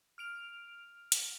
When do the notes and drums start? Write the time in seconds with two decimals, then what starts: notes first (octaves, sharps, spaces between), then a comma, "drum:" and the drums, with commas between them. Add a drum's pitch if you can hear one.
0.18 F6 D7 F7
1.12 drum: hi-hat